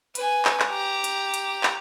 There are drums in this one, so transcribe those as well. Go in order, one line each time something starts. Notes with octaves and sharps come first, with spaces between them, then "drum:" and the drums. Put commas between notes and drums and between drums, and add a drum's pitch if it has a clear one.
B4 G#5, drum: hi-hat
drum: clap
drum: clap
G4 A#5
drum: hi-hat
drum: hi-hat
drum: clap